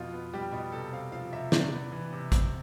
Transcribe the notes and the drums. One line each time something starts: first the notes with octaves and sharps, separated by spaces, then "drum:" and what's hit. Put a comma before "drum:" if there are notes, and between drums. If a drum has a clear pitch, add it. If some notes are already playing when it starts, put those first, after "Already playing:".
Already playing: F2 B2 F4
B3
G3 G4
B2
C3 A4
C4 F5
F3 F5
C3 E5
C3 D5, drum: snare
B3
E3
C3
C4, drum: kick A1, hi-hat